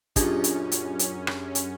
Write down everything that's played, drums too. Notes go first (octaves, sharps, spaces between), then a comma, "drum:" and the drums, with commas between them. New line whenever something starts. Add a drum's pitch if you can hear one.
F#2 A#2 C#4 D4 G4 G#4 D#5, drum: kick, hi-hat
drum: hi-hat
drum: hi-hat
drum: hi-hat
drum: rim click
drum: hi-hat